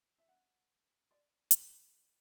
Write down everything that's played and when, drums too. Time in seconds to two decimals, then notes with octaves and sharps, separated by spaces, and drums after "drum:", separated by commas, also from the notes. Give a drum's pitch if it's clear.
0.18 E5
0.28 F#5
1.11 D5
1.51 drum: hi-hat